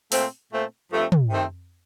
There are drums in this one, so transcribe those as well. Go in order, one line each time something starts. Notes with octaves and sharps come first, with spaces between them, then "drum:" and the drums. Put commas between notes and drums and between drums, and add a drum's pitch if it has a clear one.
A#2 A3 C4, drum: open hi-hat
A#2 A3 C4
G2 F3 A3 C4
drum: tom
C3 D#3 A3 C4